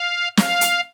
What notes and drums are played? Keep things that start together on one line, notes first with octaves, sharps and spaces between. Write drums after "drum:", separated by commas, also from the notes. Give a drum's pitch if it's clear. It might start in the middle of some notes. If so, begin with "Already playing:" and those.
Already playing: F5
F5, drum: snare
drum: hi-hat